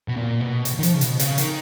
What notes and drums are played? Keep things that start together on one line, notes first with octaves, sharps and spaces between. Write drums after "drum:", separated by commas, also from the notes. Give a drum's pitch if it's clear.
B2
A#2
B2
drum: hi-hat
D#3
F3, drum: hi-hat
C#3
B2, drum: hi-hat
C#3, drum: hi-hat
D#3, drum: hi-hat